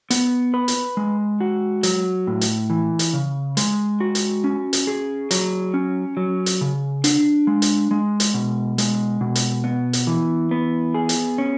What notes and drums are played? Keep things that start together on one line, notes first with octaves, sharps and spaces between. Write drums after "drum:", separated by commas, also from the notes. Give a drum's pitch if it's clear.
B3, drum: hi-hat
B4
drum: hi-hat
G#3
F#4
F#3, drum: hi-hat
A2
drum: hi-hat
E3
drum: hi-hat
C#3
G#3, drum: hi-hat
F#4
drum: hi-hat
C#4
drum: hi-hat
G#4
F#3, drum: hi-hat
C#4
F#3
drum: hi-hat
C#3
D4, drum: hi-hat
G#3
drum: hi-hat
G#3
drum: hi-hat
B2
G#3, drum: hi-hat
B2
drum: hi-hat
B3
drum: hi-hat
E3
B3
G#4
drum: hi-hat
C#4